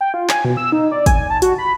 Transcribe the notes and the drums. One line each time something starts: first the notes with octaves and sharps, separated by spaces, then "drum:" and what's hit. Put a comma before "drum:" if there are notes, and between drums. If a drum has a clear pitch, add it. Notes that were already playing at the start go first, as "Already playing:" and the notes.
G5
F4
G#5, drum: clap
B2
E6
D#4
D5
G#5, drum: kick, hi-hat
A5
F#4, drum: hi-hat
B5